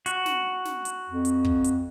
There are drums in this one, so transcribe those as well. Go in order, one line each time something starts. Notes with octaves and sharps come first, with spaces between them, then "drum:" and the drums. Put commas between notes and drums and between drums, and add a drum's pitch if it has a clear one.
F#4, drum: hi-hat
drum: snare
drum: snare
drum: hi-hat
F2
drum: hi-hat
drum: kick
drum: hi-hat